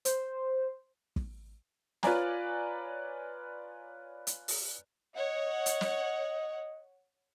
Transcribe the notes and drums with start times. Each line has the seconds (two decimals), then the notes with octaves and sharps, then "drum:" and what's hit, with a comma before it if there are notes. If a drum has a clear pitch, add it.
0.05 C5, drum: hi-hat
1.16 drum: kick
2.03 F4 B4 C#5 D5 G#5 A#5, drum: snare
4.27 drum: hi-hat
4.48 drum: open hi-hat
5.16 C#5 D#5 F#5
5.66 drum: hi-hat
5.81 drum: snare